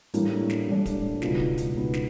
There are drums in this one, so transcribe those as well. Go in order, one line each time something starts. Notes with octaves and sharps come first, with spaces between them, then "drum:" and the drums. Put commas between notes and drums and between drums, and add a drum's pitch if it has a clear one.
A2 E3 G3 A#3 D4, drum: hi-hat
drum: snare
A2 E3 G3 A#3 D4
drum: kick D1, hi-hat
C#2 B2 G#3 B3 D#4, drum: snare
drum: kick D1
drum: hi-hat
C#2 B2 G#3 B3 D#4
drum: snare